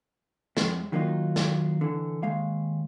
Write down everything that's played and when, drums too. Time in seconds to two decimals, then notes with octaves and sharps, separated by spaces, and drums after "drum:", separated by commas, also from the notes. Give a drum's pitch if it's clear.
0.57 F2 G#3, drum: snare
0.92 D#3 F#3 A#3 B3 D#4 F4
1.36 drum: snare
1.81 D3 E3
2.23 D#2 G#3 F5